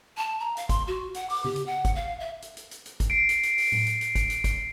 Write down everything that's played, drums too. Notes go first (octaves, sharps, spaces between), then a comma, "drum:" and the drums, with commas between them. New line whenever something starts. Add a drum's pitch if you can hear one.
A5
A#5
F5, drum: hi-hat
C6, drum: kick, hi-hat
F#4
F#5, drum: hi-hat
D6, drum: open hi-hat
G4, drum: tom C#3
drum: hi-hat
F#5
drum: kick, hi-hat
F5
E5
drum: hi-hat
drum: hi-hat
drum: hi-hat
drum: hi-hat
drum: kick, hi-hat
C7 D7
drum: hi-hat
drum: hi-hat
drum: open hi-hat
drum: tom A2
drum: hi-hat
drum: hi-hat
drum: kick, hi-hat
drum: hi-hat
drum: kick, hi-hat